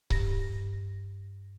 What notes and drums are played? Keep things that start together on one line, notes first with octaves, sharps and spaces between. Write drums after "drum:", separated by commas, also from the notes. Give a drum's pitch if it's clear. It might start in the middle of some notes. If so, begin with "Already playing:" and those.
G2 A#6, drum: kick C#1